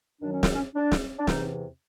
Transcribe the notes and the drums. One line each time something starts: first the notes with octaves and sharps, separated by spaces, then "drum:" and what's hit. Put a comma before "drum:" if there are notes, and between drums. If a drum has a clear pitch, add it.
F#2 D#3 F#3 D4
C#4
C4, drum: snare
C#4
D4
drum: snare
D4
E2 C3 E3 D#4, drum: snare